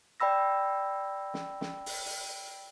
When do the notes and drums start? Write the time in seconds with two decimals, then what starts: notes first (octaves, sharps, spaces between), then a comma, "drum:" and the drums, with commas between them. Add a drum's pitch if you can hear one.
0.20 D5 G5 B5 E6 A#6
1.34 drum: snare
1.61 drum: snare
1.86 drum: open hi-hat
2.06 drum: open hi-hat